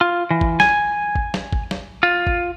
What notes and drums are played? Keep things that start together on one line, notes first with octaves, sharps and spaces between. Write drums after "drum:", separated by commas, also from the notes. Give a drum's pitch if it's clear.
F4
E3
drum: kick G#1
G#5, drum: snare
drum: kick G#1
drum: snare
drum: kick G#1
drum: snare
F4
drum: kick G#1